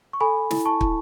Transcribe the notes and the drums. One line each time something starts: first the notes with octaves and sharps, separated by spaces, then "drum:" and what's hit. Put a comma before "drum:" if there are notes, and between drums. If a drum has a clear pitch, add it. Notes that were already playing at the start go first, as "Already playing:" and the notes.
C#6
A4 G#5 B5
E4, drum: snare
A5 C#6
E4, drum: kick